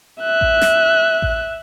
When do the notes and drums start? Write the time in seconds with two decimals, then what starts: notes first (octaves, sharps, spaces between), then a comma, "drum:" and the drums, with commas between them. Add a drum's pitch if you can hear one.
0.21 E5 F#6
0.41 drum: kick A1
0.61 drum: snare
1.22 drum: kick A1